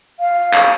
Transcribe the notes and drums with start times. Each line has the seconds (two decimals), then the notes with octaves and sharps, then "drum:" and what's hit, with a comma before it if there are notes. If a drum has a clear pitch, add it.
0.20 F5
0.54 drum: clap